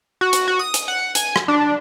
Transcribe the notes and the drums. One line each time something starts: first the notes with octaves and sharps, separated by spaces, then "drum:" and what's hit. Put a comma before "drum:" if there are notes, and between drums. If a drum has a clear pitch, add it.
F#4
drum: hi-hat
F#4
D#6
drum: hi-hat
F#5
G#5, drum: hi-hat
drum: rim click
D4